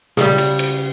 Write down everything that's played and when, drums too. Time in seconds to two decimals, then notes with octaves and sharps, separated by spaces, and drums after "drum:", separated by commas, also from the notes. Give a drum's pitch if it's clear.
0.17 C#3 G3, drum: snare
0.38 drum: cymbal
0.59 drum: cymbal